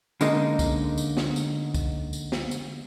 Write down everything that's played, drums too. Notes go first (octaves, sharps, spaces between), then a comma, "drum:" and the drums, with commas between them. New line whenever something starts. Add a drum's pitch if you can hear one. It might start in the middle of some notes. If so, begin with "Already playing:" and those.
D3 G#3 A#3 C#4 D#4, drum: tambourine
drum: kick, tambourine
drum: tambourine
drum: snare
drum: tambourine
drum: kick, tambourine
drum: tambourine
drum: snare
drum: tambourine